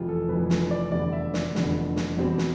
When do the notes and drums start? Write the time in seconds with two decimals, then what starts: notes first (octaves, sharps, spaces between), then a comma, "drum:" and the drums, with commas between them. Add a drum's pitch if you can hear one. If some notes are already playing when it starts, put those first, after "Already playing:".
Already playing: F1 F2 E3 F4 G4
0.08 A4
0.28 F1 F2 E3 B4
0.50 drum: snare
0.71 D5
0.91 F1 E2 D3 G3 D4 D5
1.13 E5
1.34 D5, drum: snare
1.55 F1 E2 D3 G3 D4, drum: snare
1.96 drum: snare
2.17 E2 B2 G3 C4
2.38 drum: snare